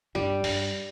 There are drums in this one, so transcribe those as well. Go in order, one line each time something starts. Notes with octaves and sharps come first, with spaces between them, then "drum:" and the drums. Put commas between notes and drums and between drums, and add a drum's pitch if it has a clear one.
G2 G3
G2, drum: open hi-hat